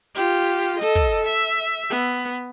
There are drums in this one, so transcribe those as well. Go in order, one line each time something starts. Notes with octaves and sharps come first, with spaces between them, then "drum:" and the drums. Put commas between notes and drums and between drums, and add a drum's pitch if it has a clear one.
F4 G4
drum: hi-hat
A4 D#5
drum: kick, hi-hat
E5
B3